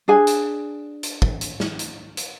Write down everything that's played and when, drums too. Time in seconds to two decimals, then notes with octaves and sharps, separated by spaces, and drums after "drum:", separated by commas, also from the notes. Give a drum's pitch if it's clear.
0.08 D4 G#4 G#5
0.27 drum: hi-hat
1.03 drum: hi-hat
1.22 drum: kick
1.41 drum: hi-hat
1.60 drum: snare
1.79 drum: hi-hat
2.17 drum: hi-hat